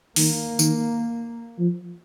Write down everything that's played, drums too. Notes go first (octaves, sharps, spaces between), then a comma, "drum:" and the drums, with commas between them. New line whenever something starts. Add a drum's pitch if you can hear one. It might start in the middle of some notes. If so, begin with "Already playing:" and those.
D#3 A#3, drum: open hi-hat
D#3, drum: tambourine
F3